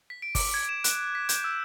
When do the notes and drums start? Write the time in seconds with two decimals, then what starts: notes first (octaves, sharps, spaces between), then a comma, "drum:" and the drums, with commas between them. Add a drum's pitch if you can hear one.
0.10 B6
0.22 D7
0.35 D6, drum: kick G1, open hi-hat
0.54 G#6
0.69 E7
0.84 F#6, drum: hi-hat
1.15 B6
1.29 G6, drum: hi-hat
1.44 E6